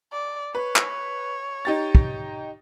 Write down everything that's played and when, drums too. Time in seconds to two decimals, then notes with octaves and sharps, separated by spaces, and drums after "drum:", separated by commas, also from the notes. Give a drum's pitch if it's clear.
0.12 D5
0.55 B4 C#5
0.76 drum: clap
1.65 D#4 G4 A6
1.95 drum: kick